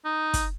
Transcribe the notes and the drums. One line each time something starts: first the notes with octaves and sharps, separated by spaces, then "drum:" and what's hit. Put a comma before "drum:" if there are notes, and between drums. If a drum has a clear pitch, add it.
D#4
drum: kick, hi-hat